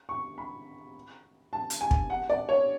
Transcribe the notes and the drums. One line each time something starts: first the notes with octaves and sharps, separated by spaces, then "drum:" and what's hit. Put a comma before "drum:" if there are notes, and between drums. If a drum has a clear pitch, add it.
C#6
B5
A5
drum: hi-hat
G#5
drum: kick
F#5
D5
C#5